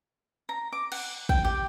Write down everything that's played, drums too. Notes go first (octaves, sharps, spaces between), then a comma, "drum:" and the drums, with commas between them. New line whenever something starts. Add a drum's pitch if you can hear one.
A#5
D6
F#5, drum: cymbal
G5, drum: kick
G4